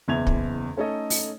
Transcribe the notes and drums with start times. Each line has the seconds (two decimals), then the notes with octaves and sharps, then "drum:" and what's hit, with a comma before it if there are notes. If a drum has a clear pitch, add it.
0.08 F#1 E2 E5 G#6 F7
0.27 drum: kick
0.77 A3 C#4 D#4 A4 C#5 D#5
1.10 drum: open hi-hat